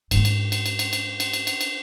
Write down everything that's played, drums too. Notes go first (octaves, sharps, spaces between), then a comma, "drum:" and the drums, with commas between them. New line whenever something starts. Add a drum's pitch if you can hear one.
G#2 E4, drum: cymbal
drum: cymbal
drum: cymbal
drum: cymbal
drum: cymbal
drum: cymbal
drum: cymbal
drum: cymbal
drum: cymbal
drum: cymbal